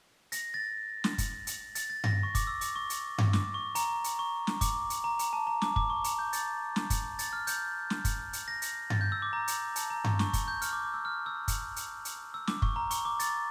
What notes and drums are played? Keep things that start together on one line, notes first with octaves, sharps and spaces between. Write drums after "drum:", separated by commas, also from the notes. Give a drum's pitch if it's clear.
A#6, drum: hi-hat
A6
drum: snare
drum: kick, hi-hat
drum: hi-hat
A6, drum: hi-hat
A6
A#6, drum: tom G2
C#6
D6, drum: kick, hi-hat
E6
D6, drum: hi-hat
C#6
drum: hi-hat
drum: tom G2
D6, drum: snare
C#6
A#5, drum: hi-hat
drum: hi-hat
C#6
drum: snare
D6, drum: kick, hi-hat
drum: hi-hat
A#5
A#5, drum: hi-hat
A5
A#5
D6, drum: snare
D6, drum: kick
C#6
A#5, drum: hi-hat
G6
A6, drum: hi-hat
drum: snare
drum: kick, hi-hat
A6, drum: hi-hat
F6
G6, drum: hi-hat
drum: snare
drum: kick, hi-hat
drum: hi-hat
A#6
drum: hi-hat
A6, drum: tom G2
G6
E6
D6
A#5
drum: hi-hat
A5, drum: hi-hat
A#5
C#6, drum: tom G2
C#6, drum: snare
C#6, drum: kick, hi-hat
G6
F6, drum: hi-hat
D6
D6
E6
F6
E6
drum: kick, hi-hat
drum: hi-hat
drum: hi-hat
E6
D6, drum: snare
C#6, drum: kick
A#5
C#6, drum: hi-hat
D6
A6, drum: hi-hat